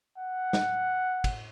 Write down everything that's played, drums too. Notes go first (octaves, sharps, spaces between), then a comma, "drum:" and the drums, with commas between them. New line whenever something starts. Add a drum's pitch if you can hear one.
F#5
drum: snare
drum: kick, cymbal